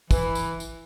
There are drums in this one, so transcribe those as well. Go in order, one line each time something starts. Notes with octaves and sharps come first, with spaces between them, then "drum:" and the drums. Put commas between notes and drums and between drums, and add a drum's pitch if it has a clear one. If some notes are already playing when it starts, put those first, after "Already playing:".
E3, drum: kick, tambourine
drum: tambourine
drum: tambourine